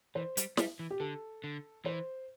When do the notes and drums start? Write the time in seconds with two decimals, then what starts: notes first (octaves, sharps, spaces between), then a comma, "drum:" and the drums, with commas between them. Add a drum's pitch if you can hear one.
0.15 E3 C5
0.37 G3, drum: hi-hat
0.57 G3, drum: snare
0.79 E3
0.90 G4
1.00 D3 A4
1.44 D3
1.85 E3 C5